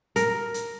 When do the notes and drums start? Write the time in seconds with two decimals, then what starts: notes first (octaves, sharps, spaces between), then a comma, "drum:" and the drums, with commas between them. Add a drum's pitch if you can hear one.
0.16 A#4, drum: hi-hat
0.54 drum: hi-hat